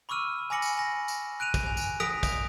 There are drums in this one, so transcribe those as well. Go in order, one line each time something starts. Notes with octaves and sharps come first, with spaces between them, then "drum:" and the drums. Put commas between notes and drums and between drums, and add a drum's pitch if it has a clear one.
B5 C#6 D6 E6 F6 D#7
G#5 B5 D6 A#6 C#7 F#7
drum: tambourine
G#5 A#6
drum: tambourine
F#6 D7 D#7 F7
drum: kick, tambourine
G#5
drum: tambourine
D#6 A#6 B6 D7 F7, drum: rim click
drum: kick, tambourine